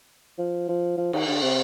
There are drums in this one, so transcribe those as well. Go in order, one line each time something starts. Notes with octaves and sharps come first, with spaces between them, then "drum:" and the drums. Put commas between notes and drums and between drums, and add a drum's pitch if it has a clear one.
F3
F3
F3
D#3, drum: cymbal
D3
C3